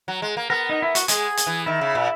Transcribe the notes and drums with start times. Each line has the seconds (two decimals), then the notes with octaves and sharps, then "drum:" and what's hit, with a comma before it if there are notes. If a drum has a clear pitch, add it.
0.08 F#3
0.22 G#3
0.37 A#3
0.50 B3 A#4
0.69 D#4
0.82 E4
0.95 F#4, drum: hi-hat
1.08 G#3 G#4, drum: hi-hat
1.37 drum: hi-hat
1.47 E3
1.66 D#3 E4
1.81 C#3
1.95 A#2